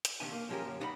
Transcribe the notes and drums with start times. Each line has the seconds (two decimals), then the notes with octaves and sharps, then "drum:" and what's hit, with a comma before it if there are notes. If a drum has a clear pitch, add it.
0.05 drum: hi-hat
0.20 D#2 C3 D#3 D4 E5 G#5
0.33 A#3
0.49 F3 G#3 C#4 D#4 G4 A#4
0.65 F#2 D3
0.80 B3 D4 D#4 C#5 F#5 B5